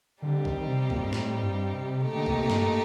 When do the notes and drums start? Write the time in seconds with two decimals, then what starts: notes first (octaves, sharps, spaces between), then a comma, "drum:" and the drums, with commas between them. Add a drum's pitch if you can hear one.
0.22 D3 G3 C4 D#4 G4
0.45 D#3, drum: kick
0.68 C3
0.90 A#2, drum: kick
0.99 F2
1.06 G2
1.13 A2, drum: snare
1.43 G2
1.74 C3
2.04 A#2 A3 D#4 G4
2.16 D3
2.26 C3, drum: kick
2.50 G2, drum: snare